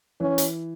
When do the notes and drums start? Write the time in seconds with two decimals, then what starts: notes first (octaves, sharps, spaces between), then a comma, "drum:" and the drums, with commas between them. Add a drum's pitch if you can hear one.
0.20 E3 C#4
0.38 drum: hi-hat